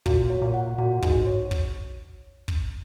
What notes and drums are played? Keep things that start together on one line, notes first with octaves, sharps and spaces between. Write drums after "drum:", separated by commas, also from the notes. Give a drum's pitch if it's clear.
A#2 F#4, drum: kick
C#5
A#2
F#5
A#2 F#4
G#2 F#4, drum: kick
C#5
drum: kick
drum: kick